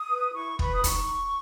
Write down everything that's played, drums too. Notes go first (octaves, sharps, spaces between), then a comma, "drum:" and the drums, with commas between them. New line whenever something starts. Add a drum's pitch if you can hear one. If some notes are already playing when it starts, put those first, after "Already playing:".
Already playing: D#6
B4
E4 C#6
B4 B5, drum: kick
D#6
D#4 C#6, drum: kick, hi-hat